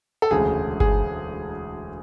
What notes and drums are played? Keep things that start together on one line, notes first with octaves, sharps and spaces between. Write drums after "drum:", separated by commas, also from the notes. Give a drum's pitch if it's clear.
A4
E1 D2 C#3 G#3 G#4
G#4, drum: kick G1